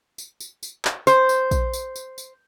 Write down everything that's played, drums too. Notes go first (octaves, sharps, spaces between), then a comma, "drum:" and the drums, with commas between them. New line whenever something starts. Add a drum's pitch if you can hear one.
drum: tambourine
drum: tambourine
drum: tambourine
drum: clap
C5, drum: tambourine
drum: tambourine
drum: kick A#1, tambourine
drum: tambourine
drum: tambourine
drum: tambourine